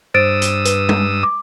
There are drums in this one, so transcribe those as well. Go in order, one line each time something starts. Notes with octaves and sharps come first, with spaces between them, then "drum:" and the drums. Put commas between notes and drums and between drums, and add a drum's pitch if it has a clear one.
G2 C5 D#6 E6 A6 D7
drum: hi-hat
B4, drum: hi-hat
drum: tom
D6